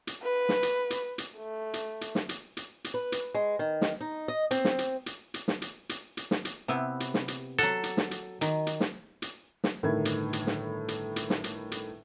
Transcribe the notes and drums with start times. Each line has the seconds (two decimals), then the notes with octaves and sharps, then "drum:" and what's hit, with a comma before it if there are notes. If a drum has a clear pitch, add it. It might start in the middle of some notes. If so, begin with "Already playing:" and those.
0.07 drum: hi-hat
0.23 B4
0.49 drum: snare
0.63 drum: hi-hat
0.90 drum: hi-hat
1.18 drum: hi-hat
1.38 A3
1.74 drum: hi-hat
2.01 drum: hi-hat
2.15 drum: snare
2.29 drum: hi-hat
2.57 drum: hi-hat
2.84 drum: hi-hat
2.94 B4
3.12 drum: hi-hat
3.35 G#3
3.59 D#3
3.81 drum: snare
4.01 D#4
4.28 D#5
4.51 C4, drum: hi-hat
4.65 drum: snare
4.78 drum: hi-hat
5.06 drum: hi-hat
5.34 drum: hi-hat
5.48 drum: snare
5.62 drum: hi-hat
5.89 drum: hi-hat
6.17 drum: hi-hat
6.31 drum: snare
6.45 drum: hi-hat
6.68 C3 B3 E4
7.00 drum: hi-hat
7.14 drum: snare
7.28 drum: hi-hat
7.59 F#3 A4 F#5, drum: hi-hat
7.83 drum: hi-hat
7.97 drum: snare
8.11 drum: hi-hat
8.41 D#3, drum: hi-hat
8.67 drum: hi-hat
8.80 drum: snare
9.22 drum: hi-hat
9.64 drum: snare
9.83 G1 A2 D#3 E4 A#4 G#6
10.05 drum: hi-hat
10.33 drum: hi-hat
10.47 drum: snare
10.88 drum: hi-hat
11.16 drum: hi-hat
11.30 drum: snare
11.44 drum: hi-hat
11.72 drum: hi-hat